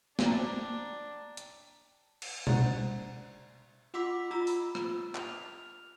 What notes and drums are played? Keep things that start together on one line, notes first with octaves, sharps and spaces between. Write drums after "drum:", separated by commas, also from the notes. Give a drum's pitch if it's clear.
D4 C5 D5 G5 A#5, drum: snare
drum: hi-hat
drum: cymbal
C5 D5 F#5 A#5 F#6, drum: tom B2
F4 F#5 C6 D6 E6 B6
F4 A#5 B5 E6
drum: open hi-hat
drum: rim click
F6 F7, drum: clap